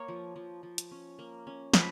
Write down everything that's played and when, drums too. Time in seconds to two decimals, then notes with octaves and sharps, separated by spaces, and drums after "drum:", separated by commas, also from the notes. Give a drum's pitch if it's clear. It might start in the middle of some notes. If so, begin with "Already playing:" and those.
Already playing: A#3 C#5
0.08 F3
0.36 F3
0.63 F3
0.78 drum: hi-hat
0.91 C#4
1.19 A#3
1.47 C#4
1.74 F3 B4, drum: snare